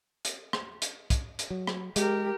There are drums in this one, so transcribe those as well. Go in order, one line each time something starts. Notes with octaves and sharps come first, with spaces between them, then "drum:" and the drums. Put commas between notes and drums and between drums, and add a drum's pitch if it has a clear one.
drum: hi-hat
drum: rim click
drum: hi-hat
drum: kick, hi-hat
drum: hi-hat
F#3
drum: rim click
G#3 G4 A#4, drum: hi-hat